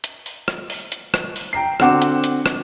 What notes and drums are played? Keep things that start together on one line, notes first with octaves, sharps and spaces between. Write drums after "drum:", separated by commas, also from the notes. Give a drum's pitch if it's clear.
drum: hi-hat
drum: open hi-hat
drum: rim click
drum: open hi-hat
drum: hi-hat
drum: rim click
drum: open hi-hat
G5 A#5 C7
D3 C4 F#4 F#5 D6 E7, drum: rim click
drum: hi-hat
drum: hi-hat
drum: rim click